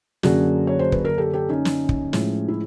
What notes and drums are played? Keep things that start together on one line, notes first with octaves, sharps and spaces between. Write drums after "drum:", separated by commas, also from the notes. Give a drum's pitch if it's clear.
F#2 D3 F#3 A#3 C#4 F#4 G#4, drum: snare
C#5
C5
B4, drum: kick
A#4
G4 A4
G4 A4
C#4 D#4
drum: snare
drum: kick
A2 F3 G#3, drum: snare
E4